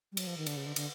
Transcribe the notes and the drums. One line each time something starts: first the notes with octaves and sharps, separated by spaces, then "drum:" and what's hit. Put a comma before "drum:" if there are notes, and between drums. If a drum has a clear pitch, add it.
G3
F#3, drum: cymbal
F3
D#3
D3, drum: cymbal
C#3
D3
D3, drum: cymbal